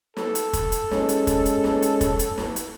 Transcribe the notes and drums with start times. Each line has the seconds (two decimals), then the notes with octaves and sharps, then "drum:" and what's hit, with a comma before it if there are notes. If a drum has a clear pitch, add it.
0.17 A4, drum: snare
0.35 drum: hi-hat
0.53 drum: kick, hi-hat
0.72 drum: hi-hat
0.91 G#3 C#4, drum: snare
1.09 drum: hi-hat
1.27 drum: kick, hi-hat
1.45 drum: hi-hat
1.64 drum: snare
1.82 drum: hi-hat
2.01 drum: kick, hi-hat
2.19 drum: hi-hat
2.38 drum: snare
2.56 drum: hi-hat